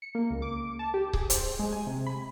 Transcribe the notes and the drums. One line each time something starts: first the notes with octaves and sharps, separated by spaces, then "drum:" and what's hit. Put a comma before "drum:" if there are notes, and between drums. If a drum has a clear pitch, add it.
C#7
A#3
C#2
D6
A5
G4
G#4, drum: kick C#1
C5, drum: hi-hat
G#3
G#5
C3
B5